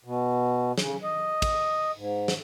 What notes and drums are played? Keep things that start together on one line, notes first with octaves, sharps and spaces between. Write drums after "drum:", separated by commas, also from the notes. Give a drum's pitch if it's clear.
B2
C#3, drum: snare
D#5
drum: kick, cymbal
G#2
drum: snare